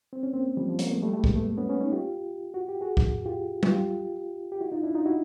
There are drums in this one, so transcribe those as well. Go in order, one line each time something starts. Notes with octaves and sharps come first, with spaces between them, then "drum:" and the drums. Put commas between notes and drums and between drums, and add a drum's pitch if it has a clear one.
C4
C#4
A#3 C4
F3 G3
F3
G#3 A#3, drum: hi-hat
A3 B3
G3 A3
G3 A3
G#3 A#3, drum: kick
A3 B3
B3 C#4
B3 C#4
C#4 D#4
F4 G4
F#4
G4
F#4 G#4
drum: kick
F4 G4
drum: tom G3
F4 G4
G4
E4 F#4
D#4 F4
D4 E4
D#4 F4
E4 F#4